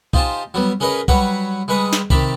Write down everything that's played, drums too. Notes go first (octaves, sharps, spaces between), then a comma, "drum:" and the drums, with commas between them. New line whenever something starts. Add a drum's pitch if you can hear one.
D#4 F4 G4 C5 G#5 A5, drum: kick
F#3 G3 B3
C#4 G#4 A#4 B4 C#5 D#5
F#3 G3 B4 C#5 F#5 C#6, drum: kick
G3 G#3 B4 C#6 D#6
drum: snare
C3 D#3 G4 A5 B5 D6, drum: kick